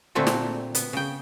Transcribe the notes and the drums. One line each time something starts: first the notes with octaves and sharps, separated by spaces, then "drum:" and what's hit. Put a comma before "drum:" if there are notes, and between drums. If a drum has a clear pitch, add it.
A#2 D3 A3 C4 F#4 A4
drum: snare
B3, drum: hi-hat
C#3 G5